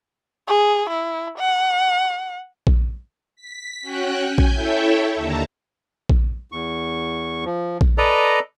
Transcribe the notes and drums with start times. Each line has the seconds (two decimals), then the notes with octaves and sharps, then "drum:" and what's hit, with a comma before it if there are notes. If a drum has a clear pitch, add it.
0.47 G#4
0.90 E4
1.38 F#5
2.67 drum: kick A#1
3.36 B6
3.82 C#4 F#4 G5 F#6
4.22 G#5 G6
4.38 drum: kick A#1
4.54 E4 A4 C#5 E5 G5
5.15 D#2 D3 A5 A#5
6.09 drum: kick A#1
6.52 E2 C#6
7.45 F3
7.81 drum: kick A#1
7.98 A4 B4 D5 D#5 A#5